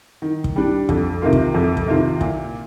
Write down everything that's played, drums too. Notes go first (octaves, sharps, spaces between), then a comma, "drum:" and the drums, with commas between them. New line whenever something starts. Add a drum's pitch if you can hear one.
D#3
drum: kick
G3 D4
F2, drum: kick
C3 D#3 A#3 F4
drum: kick
F2
drum: kick
C3 D#3 A#3 F4
A#2, drum: kick